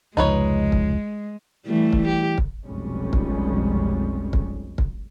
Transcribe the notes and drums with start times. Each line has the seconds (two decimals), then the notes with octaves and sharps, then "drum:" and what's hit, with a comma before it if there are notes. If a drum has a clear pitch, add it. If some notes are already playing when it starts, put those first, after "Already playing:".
0.17 F1 C#2 F3 G#3 D#4 B4 C#5
0.72 drum: kick
1.67 E3 G3 A3
1.93 drum: kick
2.08 G4
2.38 drum: kick
2.65 F1 B1 F2 G3 G#3 C#4
3.13 drum: kick
4.33 drum: kick
4.78 drum: kick